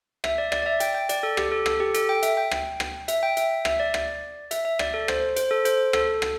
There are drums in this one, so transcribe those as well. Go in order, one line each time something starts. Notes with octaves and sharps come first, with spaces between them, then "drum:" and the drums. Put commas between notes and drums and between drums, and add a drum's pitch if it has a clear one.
E5, drum: rim click
D5
D5, drum: rim click
D5
E5
G5, drum: hi-hat
G5
D5, drum: hi-hat
A4
G4, drum: rim click
A4
A4, drum: rim click
G4
A4, drum: hi-hat
G5
E5, drum: hi-hat
G5
drum: rim click
drum: rim click
E5, drum: hi-hat
G5
E5, drum: hi-hat
E5, drum: rim click
D5
drum: rim click
E5, drum: hi-hat
E5
D5, drum: rim click
A4
C5, drum: rim click
C5, drum: hi-hat
A4
C5, drum: hi-hat
A4, drum: rim click
drum: rim click